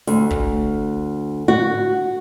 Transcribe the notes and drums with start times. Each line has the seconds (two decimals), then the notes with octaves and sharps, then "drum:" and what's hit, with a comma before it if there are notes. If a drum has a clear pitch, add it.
0.07 D2, drum: open hi-hat
0.30 drum: kick
1.48 F#4